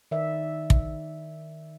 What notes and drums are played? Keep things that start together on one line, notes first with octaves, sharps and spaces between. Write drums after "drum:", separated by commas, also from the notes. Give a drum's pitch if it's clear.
D#3 D5 E5
drum: kick